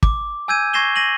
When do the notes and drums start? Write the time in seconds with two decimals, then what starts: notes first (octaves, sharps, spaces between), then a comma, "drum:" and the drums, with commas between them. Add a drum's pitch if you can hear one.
0.03 D6, drum: kick
0.48 G#5 E6 G6 G#6 D#7
0.74 C#6 G#6 A#6 C7 E7 G7
0.96 A#6 D#7 F#7